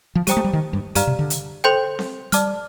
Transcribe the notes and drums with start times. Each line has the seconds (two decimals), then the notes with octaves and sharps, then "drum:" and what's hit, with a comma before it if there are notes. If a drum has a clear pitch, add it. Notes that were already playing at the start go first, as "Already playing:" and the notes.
0.15 F3
0.27 G3 G4 C5 G5 A#5 D#6, drum: hi-hat
0.37 A3
0.44 G3
0.53 D#3
0.73 G2
0.95 G2 G4 D5 F5 A#5 F6, drum: hi-hat
1.07 C3
1.19 D3
1.30 drum: hi-hat
1.64 A4 C5 G5 C6 G6
1.99 drum: snare C4
2.32 G3 D5 A5 D6 F6, drum: hi-hat